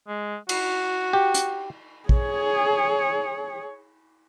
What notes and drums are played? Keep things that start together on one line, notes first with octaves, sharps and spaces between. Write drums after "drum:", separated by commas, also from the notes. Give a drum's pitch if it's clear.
G#3
F#4, drum: cymbal
G4
drum: hi-hat
G#4 C#5, drum: kick